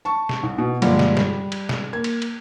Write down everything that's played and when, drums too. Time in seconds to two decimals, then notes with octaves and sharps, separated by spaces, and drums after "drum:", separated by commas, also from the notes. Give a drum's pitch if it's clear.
0.05 A5 C#6
0.29 drum: snare
0.43 C2
0.58 B2
0.82 G2 A#2 D3 F3 G3 G#3, drum: cymbal
0.99 drum: snare
1.17 G3, drum: snare
1.52 drum: cymbal
1.69 drum: snare
1.93 A#3 G#6
2.04 drum: cymbal
2.22 drum: cymbal